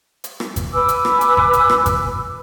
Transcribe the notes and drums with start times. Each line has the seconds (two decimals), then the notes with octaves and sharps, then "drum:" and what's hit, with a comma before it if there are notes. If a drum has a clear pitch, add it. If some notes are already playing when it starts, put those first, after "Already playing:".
0.24 drum: hi-hat
0.40 drum: rim click
0.56 drum: kick G#1, hi-hat
0.72 B4 G#5 D6 E6
0.89 drum: hi-hat
1.05 drum: rim click
1.21 drum: hi-hat
1.37 drum: kick G#1
1.53 drum: hi-hat
1.70 drum: rim click
1.86 drum: kick G#1, hi-hat